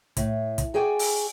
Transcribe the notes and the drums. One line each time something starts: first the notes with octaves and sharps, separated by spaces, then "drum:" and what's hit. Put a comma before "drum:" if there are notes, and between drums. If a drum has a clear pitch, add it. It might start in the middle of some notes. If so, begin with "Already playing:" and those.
A2, drum: kick, hi-hat
drum: kick, hi-hat
F#4 G#4 D5 G5 G#5
drum: open hi-hat